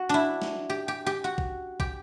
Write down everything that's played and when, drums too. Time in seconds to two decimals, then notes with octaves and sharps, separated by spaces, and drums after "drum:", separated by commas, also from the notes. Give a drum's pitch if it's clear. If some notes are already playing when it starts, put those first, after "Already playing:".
Already playing: F#4
0.09 D4 E4
0.42 drum: snare
0.70 G4
0.88 G4
1.06 G4
1.24 F#4
1.38 drum: kick
1.80 G4, drum: kick